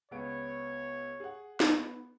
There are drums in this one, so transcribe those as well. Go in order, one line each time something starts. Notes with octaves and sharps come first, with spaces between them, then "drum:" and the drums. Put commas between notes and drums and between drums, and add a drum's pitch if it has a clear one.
C#2 B3 C#5 D7
G#4 F#5
B3, drum: snare